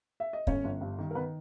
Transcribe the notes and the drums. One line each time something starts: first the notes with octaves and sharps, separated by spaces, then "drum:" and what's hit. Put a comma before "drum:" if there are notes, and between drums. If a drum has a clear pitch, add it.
E5
D#5
G1 C#4 C#5, drum: kick
G1
G2
D#3
A#4
D#3 B3 B4